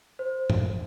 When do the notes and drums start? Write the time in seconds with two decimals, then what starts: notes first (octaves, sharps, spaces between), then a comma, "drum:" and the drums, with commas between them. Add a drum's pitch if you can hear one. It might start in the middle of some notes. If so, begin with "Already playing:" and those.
0.19 C5
0.50 drum: tom